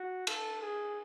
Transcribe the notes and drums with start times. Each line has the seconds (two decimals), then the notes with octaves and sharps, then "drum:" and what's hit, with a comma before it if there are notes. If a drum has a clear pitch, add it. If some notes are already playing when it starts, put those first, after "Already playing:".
Already playing: F#4
0.27 A4, drum: cymbal
0.61 G#4